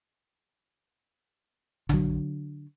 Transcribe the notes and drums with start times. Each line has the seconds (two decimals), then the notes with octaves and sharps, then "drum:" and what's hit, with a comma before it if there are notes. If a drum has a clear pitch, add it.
1.89 D3 F#3, drum: tom